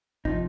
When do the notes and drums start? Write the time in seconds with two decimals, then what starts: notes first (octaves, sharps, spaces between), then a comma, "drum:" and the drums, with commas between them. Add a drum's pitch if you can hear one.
0.25 C3 F3 D#4, drum: kick